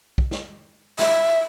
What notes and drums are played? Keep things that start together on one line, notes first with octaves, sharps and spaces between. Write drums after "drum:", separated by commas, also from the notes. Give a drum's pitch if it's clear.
drum: kick
drum: snare
E5, drum: snare